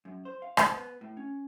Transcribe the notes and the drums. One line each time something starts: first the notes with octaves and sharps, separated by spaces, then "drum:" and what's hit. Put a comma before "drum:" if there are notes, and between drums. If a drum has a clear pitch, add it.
F#2
C5
F5
C5, drum: rim click
B3
A2
C#4